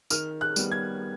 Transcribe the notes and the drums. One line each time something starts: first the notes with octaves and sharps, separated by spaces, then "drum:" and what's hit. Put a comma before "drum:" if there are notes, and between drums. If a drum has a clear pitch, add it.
D#3 F6, drum: tambourine
F#6
G3 B3, drum: tambourine
G#6